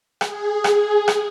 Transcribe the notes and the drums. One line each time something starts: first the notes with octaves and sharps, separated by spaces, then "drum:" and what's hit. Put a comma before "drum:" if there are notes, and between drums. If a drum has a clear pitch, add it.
G#4, drum: rim click
drum: rim click
drum: rim click